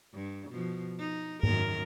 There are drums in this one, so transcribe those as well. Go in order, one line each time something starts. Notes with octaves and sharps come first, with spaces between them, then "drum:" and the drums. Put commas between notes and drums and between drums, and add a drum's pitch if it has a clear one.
G2
B2 F3
D#4
F#2 D#3 A#4, drum: tom G#2